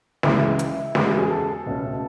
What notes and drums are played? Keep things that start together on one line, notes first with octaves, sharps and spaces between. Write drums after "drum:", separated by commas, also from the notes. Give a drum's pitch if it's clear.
C#2 C#3 E3 G#3 E4, drum: snare
drum: hi-hat
E2 C#3 G#3 B3 F#4, drum: snare
G#4
G#4
A4
C#2 B2 A3 C#4